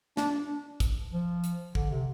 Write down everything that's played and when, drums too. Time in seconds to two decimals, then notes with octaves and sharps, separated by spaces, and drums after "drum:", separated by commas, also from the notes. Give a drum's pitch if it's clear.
0.17 D4, drum: snare
0.80 drum: kick, hi-hat
1.12 F3
1.44 drum: hi-hat
1.75 D3, drum: kick
1.91 C3